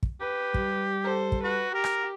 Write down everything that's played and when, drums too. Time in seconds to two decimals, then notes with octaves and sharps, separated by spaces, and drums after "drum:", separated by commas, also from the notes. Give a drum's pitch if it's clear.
0.03 drum: kick
0.21 G4 B4
0.54 G3, drum: kick
1.05 A4 C5
1.32 drum: kick
1.44 F#4 B4
1.74 G4 A#4
1.84 drum: rim click